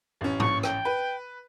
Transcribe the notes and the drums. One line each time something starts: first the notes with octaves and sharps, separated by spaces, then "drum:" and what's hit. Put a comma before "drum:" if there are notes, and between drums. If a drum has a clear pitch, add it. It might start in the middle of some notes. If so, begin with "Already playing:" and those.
A1 C#4
C#6, drum: tom G#2
G5, drum: rim click
B4